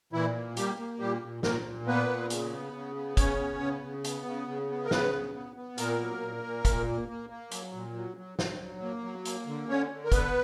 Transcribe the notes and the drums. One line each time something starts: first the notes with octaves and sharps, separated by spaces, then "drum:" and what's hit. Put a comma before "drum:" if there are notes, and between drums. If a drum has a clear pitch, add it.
A#2 E3 E4
A#3
G3 A#3 G4, drum: hi-hat
A#3
A#2 G3 G4
A#2
A#2 A#3 A#4, drum: snare
A#2
A#3 B3 B4
A#2
C#3, drum: hi-hat
B3
C#3
B3
C#3 C#4 C#5, drum: kick, hi-hat
B3
C#3
C#3
B3, drum: hi-hat
C#3
C#3
B3
A#4
C#3 B3 B4, drum: snare
B3
B3
B3
A#2 A#3 A#4, drum: hi-hat
F#3
A#2
A#2
A#2, drum: kick, hi-hat
A#3
A#3
A#3
F#3, drum: hi-hat
A#2
F#3
F#3
F#3, drum: snare
F#3
A#3
F#3
A#3, drum: hi-hat
D3
D3 C#4 C#5
D3
A#4
D3 B3 B4, drum: kick, hi-hat